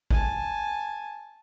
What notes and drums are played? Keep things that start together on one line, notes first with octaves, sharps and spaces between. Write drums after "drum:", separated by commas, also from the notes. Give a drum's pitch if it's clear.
G#5 A5, drum: kick G#1